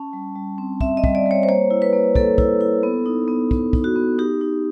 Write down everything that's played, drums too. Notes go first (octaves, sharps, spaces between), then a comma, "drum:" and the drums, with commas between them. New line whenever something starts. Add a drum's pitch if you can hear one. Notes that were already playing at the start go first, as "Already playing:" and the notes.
Already playing: C#4 A5
G3
G3
C4
C4 E5, drum: kick
D#5
G3, drum: kick
D5
G3
C#5
C5
A#3 C#5
E4
B4
A#3
A#3 A4, drum: kick
E4, drum: kick
E4
B3
D#4
B3
B3, drum: kick
D#4, drum: kick
F#4
B3
D#4 G4
D#4